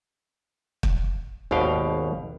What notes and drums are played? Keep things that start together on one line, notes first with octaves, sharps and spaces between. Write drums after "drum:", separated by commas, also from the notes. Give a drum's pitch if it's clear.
drum: kick
G#1 D#2 B2 F5 G5